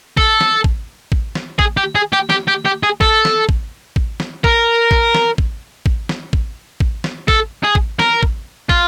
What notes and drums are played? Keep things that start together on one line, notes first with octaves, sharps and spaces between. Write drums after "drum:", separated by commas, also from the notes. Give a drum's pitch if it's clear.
A4, drum: kick
drum: snare
drum: kick
drum: kick
drum: snare
G#4, drum: kick
G4
G#4
G4
G4, drum: snare
G4
G4
G#4
A4, drum: kick
drum: snare
drum: kick
drum: kick
drum: snare
A#4, drum: kick
drum: kick
drum: snare
drum: kick
drum: kick
drum: snare
drum: kick
drum: kick
drum: snare
A4, drum: kick
G#4
drum: kick
A#4, drum: snare
drum: kick
F4, drum: kick